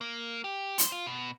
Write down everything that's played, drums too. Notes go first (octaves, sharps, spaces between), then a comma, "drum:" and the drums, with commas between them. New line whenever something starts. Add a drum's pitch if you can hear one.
A#3
G4
C5, drum: hi-hat
F4
B2